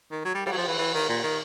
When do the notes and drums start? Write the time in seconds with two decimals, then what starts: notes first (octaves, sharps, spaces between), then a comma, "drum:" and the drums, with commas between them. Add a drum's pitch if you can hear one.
0.12 D#3
0.25 F#3
0.34 G3
0.46 G3, drum: cymbal
0.52 F#3
0.57 F3
0.68 E3
0.78 E3
0.94 D#3
1.09 A#2
1.23 D#3